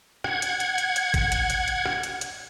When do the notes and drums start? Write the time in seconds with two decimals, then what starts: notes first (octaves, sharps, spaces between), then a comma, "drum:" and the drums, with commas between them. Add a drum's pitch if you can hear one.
0.24 F#5 G#6, drum: rim click
0.42 drum: hi-hat
0.60 drum: hi-hat
0.78 drum: hi-hat
0.96 drum: hi-hat
1.14 drum: kick, hi-hat
1.32 drum: hi-hat
1.50 drum: hi-hat
1.68 drum: hi-hat
1.86 drum: rim click
2.03 drum: hi-hat
2.21 drum: hi-hat